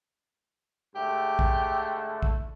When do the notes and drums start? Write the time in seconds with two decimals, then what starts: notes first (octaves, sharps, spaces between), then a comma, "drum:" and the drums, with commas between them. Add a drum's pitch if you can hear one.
0.95 G#2 D3 A3 G4
1.39 drum: kick A#1
2.22 drum: kick A#1